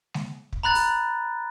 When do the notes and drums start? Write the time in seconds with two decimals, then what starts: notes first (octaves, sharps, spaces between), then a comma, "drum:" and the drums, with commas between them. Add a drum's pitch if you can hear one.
0.14 drum: snare G#3
0.52 drum: kick
0.63 A#5 B5 F#6 A6
0.75 drum: open hi-hat